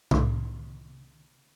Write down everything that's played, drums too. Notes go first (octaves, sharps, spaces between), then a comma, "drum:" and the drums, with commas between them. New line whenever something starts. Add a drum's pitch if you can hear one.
C2 A2, drum: tom C3